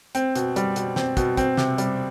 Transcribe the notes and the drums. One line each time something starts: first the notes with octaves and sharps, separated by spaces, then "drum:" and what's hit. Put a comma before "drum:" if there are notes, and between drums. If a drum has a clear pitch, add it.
C4, drum: hi-hat
B2, drum: hi-hat
G3, drum: hi-hat
B2, drum: hi-hat
C4, drum: snare
B2, drum: kick, hi-hat
C4, drum: kick, hi-hat
C3, drum: snare
G3, drum: hi-hat